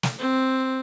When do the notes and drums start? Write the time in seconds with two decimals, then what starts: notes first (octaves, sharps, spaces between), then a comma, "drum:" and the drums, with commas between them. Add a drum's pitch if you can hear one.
0.03 drum: snare
0.19 C4